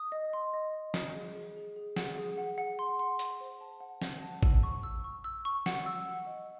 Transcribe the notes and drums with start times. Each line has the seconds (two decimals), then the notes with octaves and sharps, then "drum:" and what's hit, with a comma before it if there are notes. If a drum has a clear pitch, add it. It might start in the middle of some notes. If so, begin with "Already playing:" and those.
Already playing: D#6
0.12 D#5
0.33 C6
0.54 D#5
0.74 D#5
0.94 D#6, drum: snare
1.14 G#4
1.35 G#4
1.56 G#4
1.76 G#4
1.96 F#5, drum: snare
2.18 G#4
2.38 F#5
2.58 F#5
2.79 C6
2.99 C6
3.19 C6, drum: hi-hat
3.41 C5
3.61 A5
3.81 F#5
4.02 F#5, drum: snare
4.22 A5
4.43 E6, drum: kick
4.63 C#6
4.83 E6
5.04 C#6
5.24 E6
5.45 C#6
5.66 F#5, drum: snare
5.86 E6
6.06 F#5
6.26 D#5